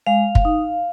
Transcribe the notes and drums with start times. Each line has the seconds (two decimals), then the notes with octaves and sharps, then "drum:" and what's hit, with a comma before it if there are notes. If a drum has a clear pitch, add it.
0.07 G#3 F5
0.35 drum: kick
0.45 D#4